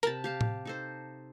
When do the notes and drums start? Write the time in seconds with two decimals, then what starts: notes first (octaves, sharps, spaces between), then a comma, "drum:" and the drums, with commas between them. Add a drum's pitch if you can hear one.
0.03 C3 A#4 A5 B5 A6, drum: hi-hat
0.24 G4 F5 A5
0.41 drum: tom A2
0.65 D#4 A4 C5